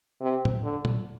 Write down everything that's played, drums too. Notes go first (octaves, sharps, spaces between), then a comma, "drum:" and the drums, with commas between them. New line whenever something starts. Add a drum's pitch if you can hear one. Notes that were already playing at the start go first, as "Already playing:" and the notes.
C3
drum: tom A2
D3
drum: tom